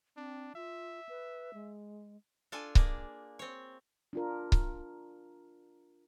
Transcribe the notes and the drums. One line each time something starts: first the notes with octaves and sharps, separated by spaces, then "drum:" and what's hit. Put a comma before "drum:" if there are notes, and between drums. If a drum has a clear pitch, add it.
C4 D4
F4 E5
B4
G#3
D4 F4 A4 G#5
A#3 D4 G#4, drum: kick C#1
C4 C#5
D4 F4 A#4
drum: kick C#1